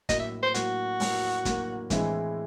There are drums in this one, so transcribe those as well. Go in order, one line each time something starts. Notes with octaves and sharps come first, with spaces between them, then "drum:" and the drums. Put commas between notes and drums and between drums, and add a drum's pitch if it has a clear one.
A2 F#3 A#3 D#5, drum: kick, hi-hat
E5
C5
A2 F#3 A#3 F#4, drum: hi-hat
A2 F#3 A#3, drum: open hi-hat
A2 F#3 A#3, drum: kick, hi-hat
A2 E3 G#3 C4 E4, drum: kick, hi-hat